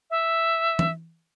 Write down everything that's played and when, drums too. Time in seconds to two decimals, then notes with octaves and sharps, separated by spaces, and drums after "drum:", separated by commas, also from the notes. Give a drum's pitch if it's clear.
0.10 E5
0.79 drum: tom E3